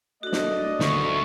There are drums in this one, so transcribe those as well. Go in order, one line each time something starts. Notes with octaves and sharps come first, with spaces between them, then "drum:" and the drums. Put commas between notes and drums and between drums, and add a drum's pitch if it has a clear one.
A3 D4 F#4 D5 D#5
drum: snare
D2 C#6, drum: snare